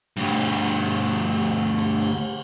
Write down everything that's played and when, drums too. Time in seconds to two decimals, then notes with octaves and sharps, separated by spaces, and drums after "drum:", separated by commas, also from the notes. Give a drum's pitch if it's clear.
0.17 D2 G2, drum: cymbal
0.40 drum: cymbal
0.86 drum: cymbal
1.32 drum: cymbal
1.79 drum: cymbal
2.02 drum: cymbal